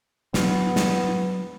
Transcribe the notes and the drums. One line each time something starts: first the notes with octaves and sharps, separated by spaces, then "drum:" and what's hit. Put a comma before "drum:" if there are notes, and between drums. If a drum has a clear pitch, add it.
F#3 B3 D4, drum: snare
drum: snare